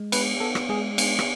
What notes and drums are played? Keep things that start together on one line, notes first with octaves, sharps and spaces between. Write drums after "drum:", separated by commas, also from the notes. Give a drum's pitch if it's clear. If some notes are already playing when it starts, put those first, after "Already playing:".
Already playing: G#3
B3 B4, drum: cymbal
B3 A4
drum: rim click
G#3 G#4
B3, drum: cymbal
drum: rim click